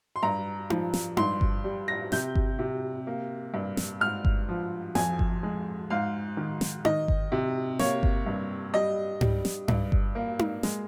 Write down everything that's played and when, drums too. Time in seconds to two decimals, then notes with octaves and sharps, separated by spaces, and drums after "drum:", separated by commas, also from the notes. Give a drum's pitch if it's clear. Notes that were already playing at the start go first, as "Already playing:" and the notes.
0.16 C6
0.23 G2 A#5
0.70 F3, drum: tom D#4
0.94 drum: snare
1.17 G2 C6, drum: tom D#4
1.41 drum: kick G1
1.64 G3
1.88 A#6
2.12 C3 G6, drum: snare
2.35 drum: kick G1
2.59 C3
3.07 A#3
3.54 G2
3.77 drum: snare
4.01 G#2 F6
4.25 drum: kick G1
4.48 F3
4.95 F2 G#5, drum: snare
5.19 drum: kick G1
5.43 G#3
5.90 G#2 F5
6.37 D#3
6.61 drum: snare
6.85 D#3 D#5, drum: tom D#4
7.08 drum: kick G1
7.32 C3
7.79 A#3 C#5, drum: snare
8.03 drum: kick G1
8.26 G2
8.74 G3 D#5
9.21 G3, drum: tom G#2
9.45 drum: snare
9.68 G2, drum: tom G#2
9.92 drum: kick G1
10.15 A#3
10.39 drum: tom D#4
10.63 G#3, drum: snare